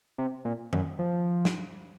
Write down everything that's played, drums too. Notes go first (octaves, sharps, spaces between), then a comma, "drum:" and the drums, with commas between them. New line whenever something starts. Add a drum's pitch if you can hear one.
C3
A#2
F#2, drum: tom D#3
F3
drum: snare